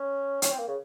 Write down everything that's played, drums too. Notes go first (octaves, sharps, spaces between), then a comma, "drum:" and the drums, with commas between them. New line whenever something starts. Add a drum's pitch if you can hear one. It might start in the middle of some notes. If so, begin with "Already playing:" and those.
Already playing: C#4
C#4, drum: hi-hat
C4
A#3
C#3